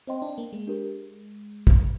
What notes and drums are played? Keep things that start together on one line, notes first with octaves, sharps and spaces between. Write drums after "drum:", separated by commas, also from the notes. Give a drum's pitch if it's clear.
C4 C5 D#5 G5 C6
D4
A#3
G#3
D4 G4 A#4
drum: kick